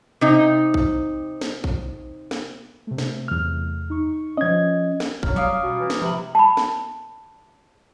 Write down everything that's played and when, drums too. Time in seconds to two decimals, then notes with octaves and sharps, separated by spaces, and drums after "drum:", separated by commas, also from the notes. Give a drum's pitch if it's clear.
0.21 C3 D#4
0.74 drum: kick A#1
1.41 drum: snare
1.64 drum: kick A#1
2.31 drum: snare
2.87 C3 A3
2.98 drum: snare
3.28 E2 F6
3.90 D#4 C#6
4.37 F3 C#4 D#5 G#6
5.00 drum: snare
5.23 F1 F#3 A#5 F6, drum: kick A#1
5.36 G3 C#4 F4 D6 D#6 D7
5.62 B2
5.80 E3
5.90 drum: snare
6.02 C3 F3 B5 F#7
6.35 A5 B5
6.57 drum: snare